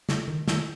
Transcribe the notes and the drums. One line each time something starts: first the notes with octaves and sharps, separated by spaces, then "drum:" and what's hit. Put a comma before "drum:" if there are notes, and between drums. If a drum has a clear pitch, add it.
D3, drum: snare
D#3
D#3, drum: snare